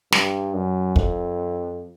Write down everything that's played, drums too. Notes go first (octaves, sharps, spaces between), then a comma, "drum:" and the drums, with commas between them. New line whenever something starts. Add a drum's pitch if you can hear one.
G2, drum: snare
F#2
F2, drum: kick